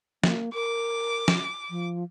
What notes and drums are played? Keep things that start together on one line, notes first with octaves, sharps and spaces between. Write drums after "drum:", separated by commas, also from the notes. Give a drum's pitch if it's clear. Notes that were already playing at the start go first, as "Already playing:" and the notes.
A#3, drum: snare
A#4 D6
drum: snare
F3